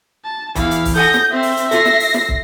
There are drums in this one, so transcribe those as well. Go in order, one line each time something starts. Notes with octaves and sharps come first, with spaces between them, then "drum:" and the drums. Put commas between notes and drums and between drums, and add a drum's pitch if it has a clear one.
A5
E2 E3 E4 F5, drum: kick, hi-hat
drum: hi-hat
drum: kick, open hi-hat
A4 F#5 G#5 D#6 G6 A#6
drum: snare
C4 C5 E5
drum: open hi-hat
drum: hi-hat
F4 A4 A#6 C7, drum: hi-hat
drum: snare
drum: open hi-hat
drum: snare
drum: kick